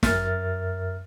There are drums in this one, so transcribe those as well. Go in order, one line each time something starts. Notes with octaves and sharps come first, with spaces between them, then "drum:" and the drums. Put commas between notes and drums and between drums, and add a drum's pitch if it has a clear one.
F#2 A#4 E5 F6 A6, drum: snare